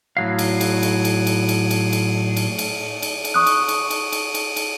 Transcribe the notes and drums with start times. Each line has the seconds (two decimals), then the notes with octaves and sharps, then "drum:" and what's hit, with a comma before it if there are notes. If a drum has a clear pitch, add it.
0.17 A2 F#3 F5
0.39 drum: cymbal
0.61 drum: cymbal
0.83 drum: cymbal
1.05 drum: cymbal
1.27 drum: cymbal
1.49 drum: cymbal
1.71 drum: cymbal
1.93 drum: cymbal
2.36 drum: cymbal
2.58 drum: cymbal
3.02 drum: cymbal
3.24 drum: cymbal
3.34 C#6 D#6 F#6
3.46 drum: cymbal
3.68 drum: cymbal
3.90 drum: cymbal
4.12 drum: cymbal
4.34 drum: cymbal
4.56 drum: cymbal